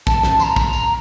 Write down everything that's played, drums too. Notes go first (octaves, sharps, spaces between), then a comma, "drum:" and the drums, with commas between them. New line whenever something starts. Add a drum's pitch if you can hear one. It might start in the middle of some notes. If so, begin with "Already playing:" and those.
A5, drum: kick, tambourine
A5, drum: snare
C6, drum: tambourine
A#5
drum: kick, tambourine
drum: tambourine